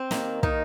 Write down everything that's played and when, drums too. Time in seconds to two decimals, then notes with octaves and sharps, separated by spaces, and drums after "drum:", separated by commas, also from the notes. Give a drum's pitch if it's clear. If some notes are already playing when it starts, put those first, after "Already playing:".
Already playing: C4
0.11 D#2 D#3 A#3, drum: snare
0.43 D#3 D#4, drum: kick